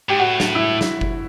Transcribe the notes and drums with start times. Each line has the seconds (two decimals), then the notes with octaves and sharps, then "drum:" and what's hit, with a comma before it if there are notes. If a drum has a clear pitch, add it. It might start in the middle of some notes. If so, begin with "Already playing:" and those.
0.09 G#2 G4
0.19 A2 F#4
0.40 drum: snare
0.55 E4
0.81 drum: snare
1.01 drum: kick F#1